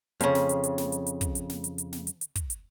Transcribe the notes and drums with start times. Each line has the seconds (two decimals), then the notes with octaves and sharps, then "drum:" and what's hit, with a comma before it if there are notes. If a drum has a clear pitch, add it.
0.21 F2 C#3, drum: hi-hat
0.35 drum: snare
0.49 drum: hi-hat
0.64 drum: hi-hat
0.78 drum: snare
0.92 drum: hi-hat
1.07 drum: hi-hat
1.21 drum: kick, hi-hat
1.35 drum: hi-hat
1.50 drum: snare
1.64 drum: hi-hat
1.78 drum: hi-hat
1.93 drum: snare
2.07 drum: hi-hat
2.21 drum: hi-hat
2.36 drum: kick, hi-hat
2.50 drum: hi-hat